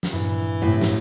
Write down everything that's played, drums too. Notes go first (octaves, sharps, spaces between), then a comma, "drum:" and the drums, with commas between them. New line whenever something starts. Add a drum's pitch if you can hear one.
drum: snare
G2 A#2 E3
A2 C3 E4
drum: snare